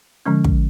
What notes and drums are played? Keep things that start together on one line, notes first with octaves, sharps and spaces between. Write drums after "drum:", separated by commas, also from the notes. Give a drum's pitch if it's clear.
D3 F3 G#3 C#4
drum: kick